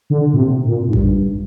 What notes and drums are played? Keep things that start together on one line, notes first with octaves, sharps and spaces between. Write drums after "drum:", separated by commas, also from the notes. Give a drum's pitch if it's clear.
D3
A#2
C3
A#2
G#2
G2, drum: kick A1